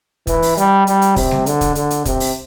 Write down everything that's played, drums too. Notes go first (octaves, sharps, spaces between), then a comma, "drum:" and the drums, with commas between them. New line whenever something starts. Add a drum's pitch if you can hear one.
E3, drum: kick, hi-hat
drum: open hi-hat
G3, drum: hi-hat
G3, drum: hi-hat
drum: hi-hat
C3, drum: kick, open hi-hat
drum: snare G3
D3, drum: hi-hat
drum: kick, hi-hat
D3, drum: hi-hat
drum: hi-hat
C3, drum: kick, hi-hat
drum: open hi-hat